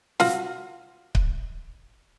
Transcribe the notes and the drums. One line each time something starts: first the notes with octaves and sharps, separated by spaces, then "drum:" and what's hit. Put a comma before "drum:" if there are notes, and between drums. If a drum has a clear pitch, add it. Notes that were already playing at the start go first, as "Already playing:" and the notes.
F4 F#4, drum: snare
drum: kick C#1